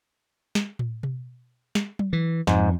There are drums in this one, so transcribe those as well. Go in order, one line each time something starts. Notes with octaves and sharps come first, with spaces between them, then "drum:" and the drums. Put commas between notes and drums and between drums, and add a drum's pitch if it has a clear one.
drum: snare
drum: tom A2
drum: tom B2
drum: snare
drum: tom F#3
E3
F2 G#2, drum: snare